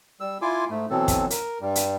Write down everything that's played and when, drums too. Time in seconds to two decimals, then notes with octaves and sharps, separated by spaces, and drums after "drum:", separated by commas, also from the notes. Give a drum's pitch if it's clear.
0.20 G3 E6
0.42 E4 F4 G#5 C6 D6
0.70 G#2 A3
0.90 B2 E3 F#3 C4 A4
1.08 drum: kick, hi-hat
1.30 A#4, drum: hi-hat
1.61 G2 G3
1.75 drum: hi-hat